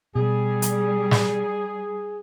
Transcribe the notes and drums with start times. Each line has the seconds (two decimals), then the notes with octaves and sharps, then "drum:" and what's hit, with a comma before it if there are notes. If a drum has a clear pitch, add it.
0.15 B2 G3 G#4
0.62 drum: hi-hat
1.11 drum: snare